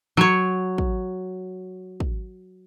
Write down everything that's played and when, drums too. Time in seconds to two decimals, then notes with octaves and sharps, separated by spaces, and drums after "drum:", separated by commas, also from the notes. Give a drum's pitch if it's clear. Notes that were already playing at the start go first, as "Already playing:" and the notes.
0.17 F#3 C#5
0.78 drum: kick
2.00 drum: kick